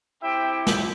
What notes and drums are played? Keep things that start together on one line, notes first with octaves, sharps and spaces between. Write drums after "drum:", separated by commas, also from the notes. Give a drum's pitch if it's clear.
C4 E4 G4 E5 G5
drum: snare